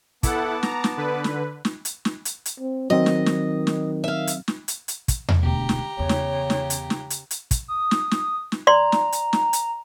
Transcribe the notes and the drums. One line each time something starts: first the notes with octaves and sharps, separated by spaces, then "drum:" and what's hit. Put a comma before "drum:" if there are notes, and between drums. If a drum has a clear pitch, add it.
B3 E4 A4 F#5 A5 D6, drum: kick, hi-hat
A#5, drum: snare
drum: snare
D3 B4
drum: snare
drum: snare
drum: hi-hat
drum: snare
drum: hi-hat
drum: hi-hat
C4
D#3 F#3 C4 D#5
drum: snare
drum: snare
drum: snare
E5 F5
drum: hi-hat
drum: snare
drum: hi-hat
drum: hi-hat
drum: kick, hi-hat
drum: tom E2
E1 D2 G4 A#5
drum: snare
E2 C#3 C#5
drum: snare
drum: snare
drum: hi-hat
drum: snare
drum: hi-hat
drum: hi-hat
drum: kick, hi-hat
D#6
drum: snare
drum: snare
drum: snare
D5 A#5 C6
drum: snare
drum: hi-hat
drum: snare
drum: hi-hat